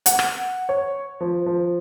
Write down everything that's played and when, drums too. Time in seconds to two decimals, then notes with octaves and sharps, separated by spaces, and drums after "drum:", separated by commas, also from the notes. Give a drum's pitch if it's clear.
0.06 F#5, drum: hi-hat
0.19 drum: rim click
0.69 C#5
1.21 F3
1.46 F3